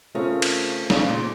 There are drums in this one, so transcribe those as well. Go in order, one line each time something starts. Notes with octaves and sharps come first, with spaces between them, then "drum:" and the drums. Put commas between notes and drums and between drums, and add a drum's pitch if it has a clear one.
C#3 A3 C4 F4 A#4
drum: cymbal
C#3, drum: snare
A#2